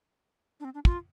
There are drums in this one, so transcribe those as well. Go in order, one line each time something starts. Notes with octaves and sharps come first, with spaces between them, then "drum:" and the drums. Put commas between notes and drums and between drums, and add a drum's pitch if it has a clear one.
D4
C4
D4
F4, drum: kick